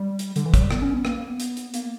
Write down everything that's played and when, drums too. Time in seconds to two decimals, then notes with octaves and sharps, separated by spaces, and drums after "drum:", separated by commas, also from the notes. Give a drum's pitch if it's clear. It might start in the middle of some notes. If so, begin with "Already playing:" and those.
Already playing: G3
0.19 drum: hi-hat
0.36 D3, drum: hi-hat
0.46 E3
0.54 F#3, drum: kick, hi-hat
0.62 G3
0.71 B3, drum: rim click
0.82 C#4
0.94 B3
1.05 A#3, drum: rim click
1.17 A#3
1.29 B3
1.40 drum: hi-hat
1.57 drum: hi-hat
1.74 A#3, drum: hi-hat